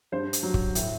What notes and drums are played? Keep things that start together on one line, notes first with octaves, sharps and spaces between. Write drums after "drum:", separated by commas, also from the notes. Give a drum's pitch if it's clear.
G2 C5
drum: hi-hat
F#3
drum: kick
A2, drum: hi-hat